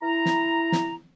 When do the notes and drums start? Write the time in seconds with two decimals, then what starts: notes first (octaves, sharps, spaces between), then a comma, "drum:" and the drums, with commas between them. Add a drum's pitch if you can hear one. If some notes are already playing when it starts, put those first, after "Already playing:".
0.02 E4 A#5
0.26 drum: snare
0.72 drum: snare